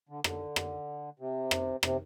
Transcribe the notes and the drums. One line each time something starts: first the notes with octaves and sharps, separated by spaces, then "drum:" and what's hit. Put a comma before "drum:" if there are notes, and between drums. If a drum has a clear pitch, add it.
D3
D3, drum: rim click
drum: rim click
C3
drum: rim click
C3, drum: rim click